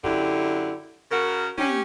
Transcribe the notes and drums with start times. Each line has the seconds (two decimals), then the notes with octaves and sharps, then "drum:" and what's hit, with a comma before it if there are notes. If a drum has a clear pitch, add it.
0.04 F#2 D3 E4 G4, drum: kick
1.11 C#3 F#4 A#4
1.58 C#4 G4, drum: tom